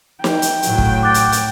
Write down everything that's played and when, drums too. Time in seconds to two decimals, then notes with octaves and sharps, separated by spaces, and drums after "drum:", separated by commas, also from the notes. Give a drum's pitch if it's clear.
0.24 G5, drum: snare
0.42 drum: hi-hat
0.63 A2 F#3, drum: hi-hat
0.78 drum: kick
1.03 D6 F#6 A6
1.14 drum: hi-hat
1.32 drum: hi-hat